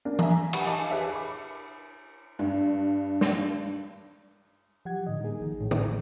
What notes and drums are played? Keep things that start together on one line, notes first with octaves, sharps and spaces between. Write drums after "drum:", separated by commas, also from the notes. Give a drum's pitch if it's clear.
A#3 D4
E5 G#5 A#5, drum: tom E3
F#5 G#5 B5 C#6 D#7, drum: cymbal
D#5 F5 G#5 A5 D6
G4 G#4 B4 C#5 E5 G#5
B5 D6
G2
drum: snare
F3 F#3 G4 F#5 G#6
A2 D3 D#5
G3 A#3 D#4 G#4
A1 D#3 F3
A2
drum: tom